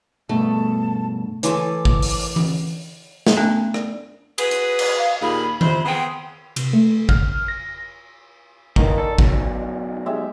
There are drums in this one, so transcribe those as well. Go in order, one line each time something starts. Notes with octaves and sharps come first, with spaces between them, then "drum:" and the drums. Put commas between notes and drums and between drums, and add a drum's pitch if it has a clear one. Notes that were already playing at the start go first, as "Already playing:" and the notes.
G2 B2 A3 A5
E3 A4 C#5 G#5 C6 D6, drum: hi-hat
drum: kick G#1
drum: open hi-hat
drum: tom E3
drum: snare
A3 B3 C#4 D4 G#5 A5
D5, drum: rim click
F#4 G#4 B4, drum: cymbal
drum: hi-hat
drum: cymbal
F5
D#2 A#2 G#4 B5
F2 C3 C5, drum: tom D#3
B3 G#4 C5 G5
C3, drum: cymbal
A3
F6, drum: kick G#1
A#6
D#3 E3 A#3, drum: kick G#1
A4 D5
B2 D3 F#3, drum: kick G#1
G#3 G4 E5